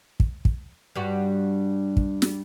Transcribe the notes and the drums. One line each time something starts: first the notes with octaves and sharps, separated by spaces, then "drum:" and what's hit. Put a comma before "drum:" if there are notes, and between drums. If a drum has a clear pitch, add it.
drum: kick
drum: kick
G2 G3 F#4
drum: kick
drum: snare